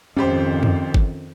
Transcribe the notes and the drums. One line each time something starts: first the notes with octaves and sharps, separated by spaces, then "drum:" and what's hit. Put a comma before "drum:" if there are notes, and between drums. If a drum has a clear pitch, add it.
G#1 F2 D#3 C#4 G4 C5
drum: tom
drum: kick